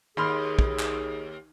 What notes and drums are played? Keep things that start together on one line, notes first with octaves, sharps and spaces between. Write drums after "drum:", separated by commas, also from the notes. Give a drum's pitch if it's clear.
D#2 G#4 B5 C6 F6
drum: kick
drum: clap